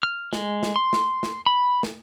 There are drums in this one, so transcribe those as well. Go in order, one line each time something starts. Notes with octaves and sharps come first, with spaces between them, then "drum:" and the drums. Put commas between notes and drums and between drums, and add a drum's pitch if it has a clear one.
F6
G#3, drum: snare
drum: snare
C6
drum: snare
drum: snare
B5
drum: snare